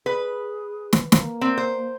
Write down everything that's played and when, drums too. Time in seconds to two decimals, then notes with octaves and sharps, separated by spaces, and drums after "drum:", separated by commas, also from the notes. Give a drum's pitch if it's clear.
0.06 G#4 B4
0.93 drum: snare
1.12 A#3, drum: snare
1.41 C4
1.58 C5